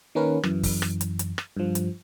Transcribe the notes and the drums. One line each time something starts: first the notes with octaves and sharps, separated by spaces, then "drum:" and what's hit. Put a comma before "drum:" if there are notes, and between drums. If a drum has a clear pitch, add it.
D#3 A#3 C#4 A#4 B4
F#2 E3, drum: rim click
drum: kick, open hi-hat
drum: rim click
drum: hi-hat
drum: hi-hat
drum: rim click
G2 F3
drum: hi-hat